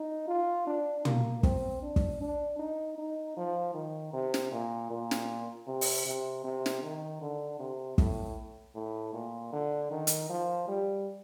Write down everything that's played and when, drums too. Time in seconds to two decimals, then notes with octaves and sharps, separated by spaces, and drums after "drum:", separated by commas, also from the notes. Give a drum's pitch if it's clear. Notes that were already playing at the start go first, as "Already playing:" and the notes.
Already playing: D#4
0.28 F4
0.67 D4
1.05 A#3, drum: tom
1.43 C4, drum: kick
1.82 D4
1.96 drum: kick
2.21 D4
2.59 D#4
2.98 D#4
3.37 F3
3.74 D#3
4.13 C3
4.34 drum: snare
4.52 A#2
4.91 A#2
5.11 drum: snare
5.67 C3
5.81 drum: open hi-hat
6.06 C3
6.44 C3
6.66 drum: snare
6.83 D#3
7.21 D3
7.60 C3
7.98 A2, drum: kick
8.75 A2
9.13 A#2
9.53 D3
9.91 D#3
10.07 drum: hi-hat
10.29 F3
10.68 G3